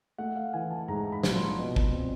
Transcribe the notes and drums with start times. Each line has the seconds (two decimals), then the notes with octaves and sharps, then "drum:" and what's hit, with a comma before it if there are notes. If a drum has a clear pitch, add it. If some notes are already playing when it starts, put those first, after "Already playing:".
0.18 A3 F#5
0.36 F5
0.53 E3 G#5
0.71 A5
0.88 G#2 A#5
1.12 B5
1.23 A#1, drum: snare
1.35 C6
1.59 B2
1.76 drum: kick
1.93 C4